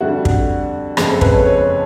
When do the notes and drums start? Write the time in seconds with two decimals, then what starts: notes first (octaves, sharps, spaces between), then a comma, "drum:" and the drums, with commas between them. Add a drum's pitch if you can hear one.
0.01 F2 D3 G3 F#4
0.25 drum: kick
0.97 F#1 F2 C#3 F3 G#3 G#4, drum: rim click
1.09 A4
1.21 B4, drum: kick
1.33 C#5
1.46 C#5